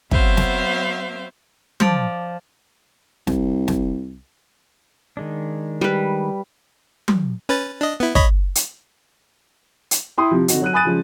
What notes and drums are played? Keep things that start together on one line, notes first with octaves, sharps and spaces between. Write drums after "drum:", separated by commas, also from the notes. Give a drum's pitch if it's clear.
F#3 B3 C4 C5 E5 F5, drum: kick
drum: snare
F3 D5, drum: tom F#3
C2, drum: snare
drum: snare
D#3 G#3 D4
G3 B4
drum: tom F#3
C#4 B4 A6
D4 D#5
B3 E4
C#5 D#5 B5, drum: kick
drum: hi-hat
drum: hi-hat
E4 G5 C6 D#6
C3 F3
D3 C4 D#4 F#4, drum: hi-hat
F#3 F#6 D#7
G#5 B5 D#6 F#6 A6 D#7
C#3 F3 G#3